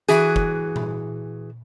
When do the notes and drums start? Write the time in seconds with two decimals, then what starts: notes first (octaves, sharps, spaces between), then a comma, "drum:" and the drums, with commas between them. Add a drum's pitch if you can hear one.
0.08 E3 F#4 G#4, drum: hi-hat
0.36 drum: kick
0.76 drum: tom A#2